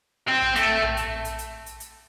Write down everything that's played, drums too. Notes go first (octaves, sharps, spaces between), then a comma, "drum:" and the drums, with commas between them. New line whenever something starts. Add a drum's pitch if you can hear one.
C4
drum: tom A#1
A3, drum: hi-hat
drum: tom A#1
drum: hi-hat
drum: hi-hat
drum: hi-hat
drum: hi-hat
drum: hi-hat